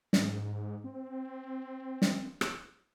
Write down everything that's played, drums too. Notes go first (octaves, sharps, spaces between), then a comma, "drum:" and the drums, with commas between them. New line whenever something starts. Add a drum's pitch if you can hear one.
G#2, drum: snare
C4
drum: snare
drum: rim click